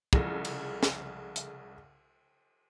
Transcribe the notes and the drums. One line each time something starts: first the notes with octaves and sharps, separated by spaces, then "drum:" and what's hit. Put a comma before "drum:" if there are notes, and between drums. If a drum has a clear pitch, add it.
C2 C#3 F3 G#3 A4 A#6, drum: kick
drum: cymbal
drum: snare
drum: hi-hat